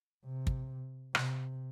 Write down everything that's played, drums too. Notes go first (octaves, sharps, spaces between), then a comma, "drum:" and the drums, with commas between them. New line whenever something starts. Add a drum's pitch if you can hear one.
C3
drum: kick
C3, drum: rim click